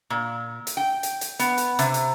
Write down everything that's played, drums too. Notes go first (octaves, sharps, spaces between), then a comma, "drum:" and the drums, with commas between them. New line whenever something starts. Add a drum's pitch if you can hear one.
A#2
drum: hi-hat
G5
drum: hi-hat
drum: hi-hat
B3, drum: hi-hat
drum: hi-hat
C3, drum: hi-hat
drum: hi-hat